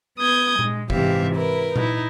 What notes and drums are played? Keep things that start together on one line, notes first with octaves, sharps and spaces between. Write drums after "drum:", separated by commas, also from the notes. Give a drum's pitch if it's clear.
B3 D#6 G6 G#6
G#3, drum: tom A#2
G#2 C3 E3 G4 E5 F5, drum: kick
E4 A#4 B4
D#4 E4, drum: tom A#2